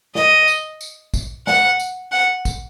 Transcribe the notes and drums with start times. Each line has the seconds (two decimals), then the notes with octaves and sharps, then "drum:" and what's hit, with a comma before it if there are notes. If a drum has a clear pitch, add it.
0.15 D#5, drum: snare
0.48 drum: tambourine
0.81 drum: tambourine
1.14 drum: kick, tambourine
1.47 F#5, drum: snare
1.79 drum: tambourine
2.12 F#5
2.45 drum: kick, tambourine